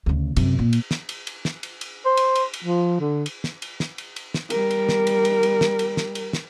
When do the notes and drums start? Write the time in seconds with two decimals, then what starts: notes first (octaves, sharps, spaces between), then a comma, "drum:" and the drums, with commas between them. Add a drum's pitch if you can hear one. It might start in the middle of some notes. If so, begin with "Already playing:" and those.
0.06 D2 C#3
0.36 F#2 C3, drum: cymbal
0.59 A#2
0.73 drum: cymbal
0.91 drum: snare
1.09 drum: cymbal
1.27 drum: cymbal
1.45 drum: snare
1.63 drum: cymbal
1.81 drum: cymbal
2.05 C5
2.17 drum: cymbal
2.35 drum: cymbal
2.54 drum: cymbal
2.64 F3
3.00 D3
3.26 drum: cymbal
3.44 drum: snare
3.62 drum: cymbal
3.80 drum: snare
3.98 drum: cymbal
4.16 drum: cymbal
4.34 drum: snare
4.50 G3 A#4, drum: cymbal
4.71 drum: cymbal
4.89 drum: snare
5.07 drum: cymbal
5.25 drum: cymbal
5.43 drum: cymbal
5.61 drum: snare
5.79 drum: cymbal
5.97 drum: snare
6.15 drum: cymbal
6.33 drum: snare